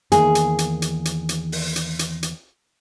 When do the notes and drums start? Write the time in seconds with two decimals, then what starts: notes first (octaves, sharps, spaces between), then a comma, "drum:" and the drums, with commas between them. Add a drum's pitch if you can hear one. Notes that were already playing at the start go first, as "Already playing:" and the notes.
0.12 E2 D#3 A#3 G#4, drum: hi-hat
0.35 drum: hi-hat
0.59 drum: hi-hat
0.82 drum: hi-hat
1.05 drum: hi-hat
1.29 drum: hi-hat
1.52 drum: open hi-hat
1.76 drum: hi-hat
1.99 drum: hi-hat
2.23 drum: hi-hat